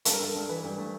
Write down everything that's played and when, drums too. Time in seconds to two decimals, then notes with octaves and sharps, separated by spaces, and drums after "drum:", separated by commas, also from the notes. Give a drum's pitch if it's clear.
0.05 G2 A4, drum: hi-hat
0.13 A#4
0.20 G2 A4
0.35 G2
0.49 E3 B4
0.64 G2
0.78 A3